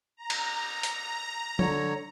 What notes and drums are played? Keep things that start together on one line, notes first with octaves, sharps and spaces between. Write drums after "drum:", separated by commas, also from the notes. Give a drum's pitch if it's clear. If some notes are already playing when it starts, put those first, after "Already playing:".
A#5
drum: cymbal
drum: hi-hat
D3 C#5, drum: tom